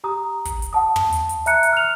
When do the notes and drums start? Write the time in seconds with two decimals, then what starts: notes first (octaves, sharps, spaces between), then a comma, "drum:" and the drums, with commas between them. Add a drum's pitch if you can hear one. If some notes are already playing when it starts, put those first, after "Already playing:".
0.04 G4 A#5 D#6
0.45 drum: kick, hi-hat
0.62 drum: hi-hat
0.73 F#5 A5 D#6
0.96 drum: tom
1.13 drum: hi-hat
1.29 drum: hi-hat
1.46 E5 A#5 F#6 C#7, drum: hi-hat
1.63 drum: hi-hat
1.73 F6 F7